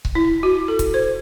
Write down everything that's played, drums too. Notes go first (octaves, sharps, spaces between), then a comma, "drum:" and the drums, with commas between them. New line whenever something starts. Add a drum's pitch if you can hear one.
drum: kick C#1
E4
F#4
A4
drum: kick C#1, hi-hat
C5